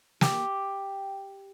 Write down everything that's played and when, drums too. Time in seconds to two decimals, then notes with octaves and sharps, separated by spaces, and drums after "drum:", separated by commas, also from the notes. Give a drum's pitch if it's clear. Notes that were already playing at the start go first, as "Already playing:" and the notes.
0.21 G4, drum: snare